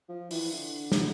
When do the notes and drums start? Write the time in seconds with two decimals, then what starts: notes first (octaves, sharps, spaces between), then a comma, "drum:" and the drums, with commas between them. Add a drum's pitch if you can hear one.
0.09 F3
0.31 E3, drum: open hi-hat
0.53 D3
0.92 drum: snare